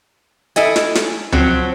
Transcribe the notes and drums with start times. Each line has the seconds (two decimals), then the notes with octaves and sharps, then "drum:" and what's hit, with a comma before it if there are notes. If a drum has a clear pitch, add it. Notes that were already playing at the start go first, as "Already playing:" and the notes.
0.56 E4 A4 D#5 G#5, drum: hi-hat
0.76 drum: snare
0.95 drum: snare
1.32 F3 F#3 C4, drum: tom C#2